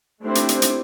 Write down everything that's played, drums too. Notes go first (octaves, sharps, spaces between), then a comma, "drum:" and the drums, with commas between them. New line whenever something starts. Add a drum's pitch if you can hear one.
A3 C4 D4 E4 G4 C5
drum: hi-hat
drum: hi-hat
drum: hi-hat